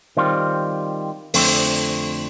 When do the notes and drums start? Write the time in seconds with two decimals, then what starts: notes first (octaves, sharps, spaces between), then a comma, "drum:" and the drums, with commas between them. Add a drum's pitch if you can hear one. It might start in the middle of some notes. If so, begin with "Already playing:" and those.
0.17 D#3 G3 C4 F4
1.34 F2 D3 A3 C4, drum: open hi-hat